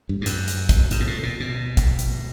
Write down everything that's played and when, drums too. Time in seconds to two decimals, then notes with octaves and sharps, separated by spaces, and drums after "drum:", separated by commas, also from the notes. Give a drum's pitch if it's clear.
0.09 G2
0.21 G2
0.26 F#2, drum: hi-hat
0.48 drum: hi-hat
0.69 drum: kick, hi-hat
0.91 G#2, drum: hi-hat
1.00 A#2
1.07 A2
1.23 A#2
1.40 B2
1.77 drum: kick, hi-hat
1.99 drum: hi-hat